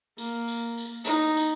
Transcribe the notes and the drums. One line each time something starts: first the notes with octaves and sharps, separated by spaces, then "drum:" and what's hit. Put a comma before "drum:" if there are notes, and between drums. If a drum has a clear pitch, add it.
A#3, drum: tambourine
drum: tambourine
drum: tambourine
D#4, drum: tambourine
drum: tambourine